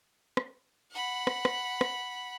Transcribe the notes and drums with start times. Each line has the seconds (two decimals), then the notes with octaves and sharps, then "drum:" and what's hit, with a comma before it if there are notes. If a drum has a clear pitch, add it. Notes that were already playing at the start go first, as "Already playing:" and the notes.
0.37 drum: rim click
0.91 F#5 B5
1.27 drum: rim click
1.45 drum: rim click
1.81 drum: rim click